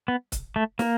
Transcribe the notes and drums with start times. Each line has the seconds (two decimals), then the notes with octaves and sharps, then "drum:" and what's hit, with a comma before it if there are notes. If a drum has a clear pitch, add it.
0.08 B3
0.32 drum: kick, hi-hat
0.56 A3
0.79 A#3, drum: snare